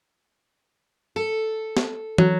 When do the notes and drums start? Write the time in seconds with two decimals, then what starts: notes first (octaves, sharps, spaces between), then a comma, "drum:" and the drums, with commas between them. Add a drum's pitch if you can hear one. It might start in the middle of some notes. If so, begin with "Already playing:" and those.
1.16 A4
1.77 drum: snare
2.18 F#3, drum: tom